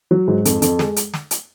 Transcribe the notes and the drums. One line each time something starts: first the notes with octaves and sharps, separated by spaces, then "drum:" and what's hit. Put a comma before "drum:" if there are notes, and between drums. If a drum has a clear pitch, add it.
F#3
G#2
F2, drum: hi-hat
F2, drum: hi-hat
G#3, drum: snare
drum: hi-hat
drum: snare
drum: hi-hat